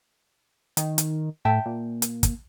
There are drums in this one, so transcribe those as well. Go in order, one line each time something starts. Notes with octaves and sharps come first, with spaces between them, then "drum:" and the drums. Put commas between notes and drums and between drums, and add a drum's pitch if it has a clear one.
D#3, drum: hi-hat
drum: hi-hat
A2 E5 G5 A5
A#2
drum: hi-hat
drum: kick, hi-hat